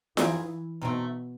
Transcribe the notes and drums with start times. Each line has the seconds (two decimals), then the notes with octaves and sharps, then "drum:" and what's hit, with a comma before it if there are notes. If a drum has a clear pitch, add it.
0.17 E3 G3 C4 D#4 G#4, drum: snare F4
0.82 B2 F#3 A3 C4 D#4